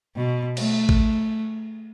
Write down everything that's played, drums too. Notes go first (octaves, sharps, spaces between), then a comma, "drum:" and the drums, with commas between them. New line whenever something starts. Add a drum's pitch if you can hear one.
B2
A3, drum: cymbal
drum: kick